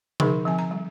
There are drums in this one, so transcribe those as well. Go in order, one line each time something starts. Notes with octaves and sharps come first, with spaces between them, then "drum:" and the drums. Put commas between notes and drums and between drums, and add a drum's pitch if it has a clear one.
D3 F3 D#4 G#4 A#4 B5, drum: tom C3
F3 C4 G#5
A#5
G3